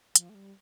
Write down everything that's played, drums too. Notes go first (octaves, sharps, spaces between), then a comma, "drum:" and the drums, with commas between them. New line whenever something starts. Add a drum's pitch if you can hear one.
F3, drum: hi-hat
A3
G3